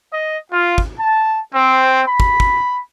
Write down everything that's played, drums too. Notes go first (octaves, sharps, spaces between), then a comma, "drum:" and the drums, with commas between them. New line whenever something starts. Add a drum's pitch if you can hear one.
D#5
F4
drum: kick
A5
C4
B5
drum: kick
drum: kick